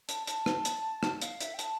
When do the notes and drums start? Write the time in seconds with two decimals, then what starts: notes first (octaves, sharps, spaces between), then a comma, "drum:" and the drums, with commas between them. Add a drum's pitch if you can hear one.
0.09 A5, drum: hi-hat
0.27 A5, drum: hi-hat
0.46 drum: rim click
0.65 drum: hi-hat
1.03 drum: rim click
1.22 F5, drum: hi-hat
1.41 E5, drum: hi-hat
1.54 G5
1.59 A5, drum: hi-hat